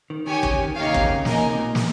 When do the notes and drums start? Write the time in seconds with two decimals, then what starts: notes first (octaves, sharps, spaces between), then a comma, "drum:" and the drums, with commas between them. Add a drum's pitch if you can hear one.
0.10 D#3
0.26 D#3 G4 C#5 G#5
0.43 C#3, drum: kick
0.60 D#3
0.76 D#3 A#3 D#4 G4 C#5 F5
0.86 C#3
0.94 C3, drum: kick
1.03 C#3
1.25 A#2 D#4 A#4 D#5 G#5, drum: snare
1.51 C3
1.59 A#2
1.75 A#2, drum: snare